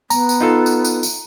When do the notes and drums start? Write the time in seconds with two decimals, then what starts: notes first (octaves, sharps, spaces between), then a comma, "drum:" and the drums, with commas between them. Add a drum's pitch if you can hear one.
0.10 B3 A#5, drum: tambourine
0.29 drum: tambourine
0.41 D#4 F4 A4
0.66 drum: tambourine
0.85 drum: tambourine
1.03 drum: tambourine